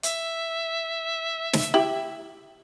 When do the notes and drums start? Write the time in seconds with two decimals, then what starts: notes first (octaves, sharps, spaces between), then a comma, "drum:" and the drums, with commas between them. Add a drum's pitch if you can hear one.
0.03 E5, drum: hi-hat
1.53 drum: snare
1.74 E4 G4